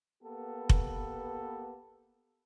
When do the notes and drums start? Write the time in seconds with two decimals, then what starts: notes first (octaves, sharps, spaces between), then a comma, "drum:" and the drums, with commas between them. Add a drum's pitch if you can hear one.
0.23 A#3 B3 G4 A4 B4
0.69 drum: kick F1